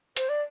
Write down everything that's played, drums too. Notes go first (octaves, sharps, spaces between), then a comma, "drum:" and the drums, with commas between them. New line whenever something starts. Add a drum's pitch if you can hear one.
C5, drum: hi-hat
D5